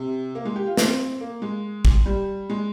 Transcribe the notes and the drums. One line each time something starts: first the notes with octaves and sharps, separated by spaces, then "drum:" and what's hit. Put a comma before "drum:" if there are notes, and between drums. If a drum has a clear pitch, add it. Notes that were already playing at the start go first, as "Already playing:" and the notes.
Already playing: C3
A#3
G#3
G4
F4
C4, drum: snare
A#3
G#3
drum: kick
G3
G#3